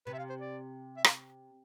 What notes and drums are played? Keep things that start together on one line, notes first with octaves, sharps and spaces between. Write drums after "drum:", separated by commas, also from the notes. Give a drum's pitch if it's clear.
C3 B4
E5
F5
C5
D5
E5
F5, drum: rim click